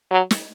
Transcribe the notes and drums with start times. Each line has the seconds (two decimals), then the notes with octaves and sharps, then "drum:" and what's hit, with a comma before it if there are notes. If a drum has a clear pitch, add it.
0.11 F#3
0.31 drum: snare